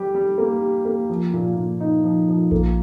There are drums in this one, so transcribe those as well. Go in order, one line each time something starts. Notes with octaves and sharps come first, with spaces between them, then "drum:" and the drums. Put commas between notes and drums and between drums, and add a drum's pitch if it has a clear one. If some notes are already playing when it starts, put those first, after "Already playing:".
Already playing: G3 G4
G3
A#3
G4
A#3
F3
A#2
A#2
D#4
F3
F3
A#3, drum: kick A#1